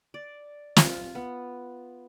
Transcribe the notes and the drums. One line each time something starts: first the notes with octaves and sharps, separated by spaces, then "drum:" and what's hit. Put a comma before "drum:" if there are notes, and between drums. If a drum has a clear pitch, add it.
D5
F4, drum: snare
B3